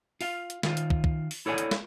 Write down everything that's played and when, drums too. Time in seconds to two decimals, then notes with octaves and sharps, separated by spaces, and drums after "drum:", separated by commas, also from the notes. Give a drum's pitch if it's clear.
0.21 F4 F5, drum: open hi-hat
0.50 drum: hi-hat
0.63 D#3 F4, drum: snare
0.77 drum: hi-hat
0.90 drum: kick
1.04 drum: kick
1.31 drum: open hi-hat
1.46 E4 A4 C#5 D5 F#5 G#5
1.58 drum: hi-hat
1.71 drum: snare